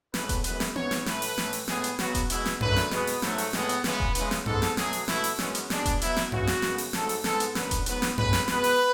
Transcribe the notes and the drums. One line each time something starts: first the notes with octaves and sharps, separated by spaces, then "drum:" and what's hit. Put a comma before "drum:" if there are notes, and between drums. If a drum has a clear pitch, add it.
A2 E3 G#3 B3 B4, drum: snare
drum: kick E1, hi-hat
F#2 E3 G#3 B3 B4, drum: hi-hat
drum: snare
G#2 E3 B3 C#5, drum: tom B3
drum: snare
A2 E3 A3 B4, drum: snare
drum: open hi-hat
A2 E3 A3, drum: snare
drum: open hi-hat
A2 G#3 B3 G#4, drum: snare
drum: hi-hat
C#3 F#3 B3 F#4, drum: snare
drum: kick E1, hi-hat
B2 G#3 B3 E4, drum: hi-hat
drum: snare
F#2 D3 A3 B4, drum: tom F#2
drum: snare
B2 G#3 B3, drum: snare
drum: open hi-hat
G#2 F#3 A3, drum: snare
drum: open hi-hat
A2 G#3 B3, drum: snare
drum: hi-hat
C#3 E3 G#3 B3 B4, drum: snare
drum: kick E1
C#3 E3 G#3 B3, drum: hi-hat
drum: snare
G#2 G#3 B3 A4, drum: tom F#2
drum: snare
B2 F#3 A3 G#4, drum: snare
drum: open hi-hat
B2 A3 E4, drum: snare
drum: open hi-hat
F#2 E3 G#3 B3 C#4, drum: snare
drum: hi-hat
B2 G#3 B3 D4, drum: snare
drum: kick E1, hi-hat
B2 F#3 B3 E4, drum: hi-hat
drum: snare
C#3 E3 B3 F#4, drum: tom F#2
drum: snare
F#2 C#3 G#3 B3, drum: snare
drum: open hi-hat
G#2 F#3 A3 A4, drum: snare
drum: open hi-hat
G#2 G#3 B3 A4, drum: snare
drum: hi-hat
F#2 D3 F#3 B3 B4, drum: snare
drum: kick E1, hi-hat
G#2 F#3 B3 B4, drum: hi-hat
drum: snare
A2 G#3 B3 B4, drum: tom F#2
drum: snare
B2 G#3 B3 B4, drum: snare
drum: open hi-hat